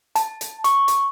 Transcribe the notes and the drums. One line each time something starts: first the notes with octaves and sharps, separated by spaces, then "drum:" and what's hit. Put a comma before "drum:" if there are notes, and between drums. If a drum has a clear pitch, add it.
A5, drum: hi-hat
drum: hi-hat
C#6, drum: hi-hat
drum: hi-hat